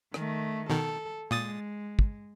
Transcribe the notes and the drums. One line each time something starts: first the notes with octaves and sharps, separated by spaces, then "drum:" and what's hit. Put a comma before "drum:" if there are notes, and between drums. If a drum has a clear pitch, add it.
D#3 A3, drum: rim click
B2 D#3 A4
A#2 G#3 D#6 A6
drum: kick